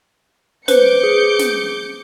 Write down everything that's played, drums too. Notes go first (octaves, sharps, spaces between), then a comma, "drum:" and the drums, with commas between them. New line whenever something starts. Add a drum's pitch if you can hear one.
B4 C5 D6 G6 C#7, drum: snare
G#4
drum: snare